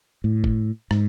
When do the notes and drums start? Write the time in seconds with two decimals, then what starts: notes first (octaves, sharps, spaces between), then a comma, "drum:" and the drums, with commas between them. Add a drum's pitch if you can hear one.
0.24 A2
0.44 drum: kick G1
0.91 G#2, drum: rim click